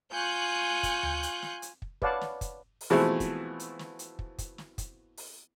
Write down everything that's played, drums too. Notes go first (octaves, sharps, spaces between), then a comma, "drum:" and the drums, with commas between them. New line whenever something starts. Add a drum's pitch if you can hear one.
F4 G#5 C#6 F#6 G6
drum: kick, hi-hat
drum: tom D2
drum: hi-hat
drum: snare
drum: hi-hat
drum: kick
B4 C#5 D5 F5 F#5 A5, drum: kick
drum: snare
drum: kick, hi-hat
drum: open hi-hat
B2 E3 F3 G#3 A3 C4
drum: kick, hi-hat
drum: hi-hat
drum: snare
drum: hi-hat
drum: kick
drum: kick, hi-hat
drum: snare
drum: kick, hi-hat
drum: open hi-hat